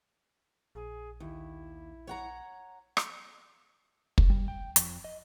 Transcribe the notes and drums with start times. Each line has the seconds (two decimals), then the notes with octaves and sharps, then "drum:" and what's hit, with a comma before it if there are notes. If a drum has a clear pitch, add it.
0.75 A#1 G#4
1.20 D#2 E4
2.07 C#5 F#5 A#5
2.97 drum: rim click
4.18 drum: kick
4.30 G3
4.48 G5
4.76 F2, drum: hi-hat
5.04 D#5